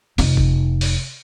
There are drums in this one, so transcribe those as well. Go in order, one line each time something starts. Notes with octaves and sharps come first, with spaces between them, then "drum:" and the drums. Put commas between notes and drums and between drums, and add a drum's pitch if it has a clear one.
F1 D#4, drum: open hi-hat
drum: kick G1
drum: open hi-hat